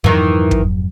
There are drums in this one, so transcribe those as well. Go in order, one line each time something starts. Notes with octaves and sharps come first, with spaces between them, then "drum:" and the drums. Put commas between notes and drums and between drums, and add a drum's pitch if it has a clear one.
F2 G#2 D#3 E3 F#3
drum: kick